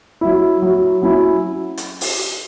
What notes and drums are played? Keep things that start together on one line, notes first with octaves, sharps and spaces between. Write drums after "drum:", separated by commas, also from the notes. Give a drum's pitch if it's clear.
F#3 E4
F#3 E4
F#3 C#4 E4
drum: hi-hat
drum: open hi-hat